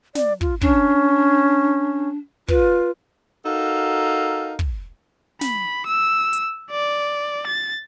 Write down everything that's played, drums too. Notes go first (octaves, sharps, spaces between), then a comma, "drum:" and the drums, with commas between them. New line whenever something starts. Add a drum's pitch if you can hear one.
D5, drum: snare
F4, drum: kick
C#4 D4, drum: kick
F4 B4, drum: kick
D#4 F#4 A4 A#4 F5
drum: kick
B5, drum: snare
E6
drum: hi-hat
D5
A6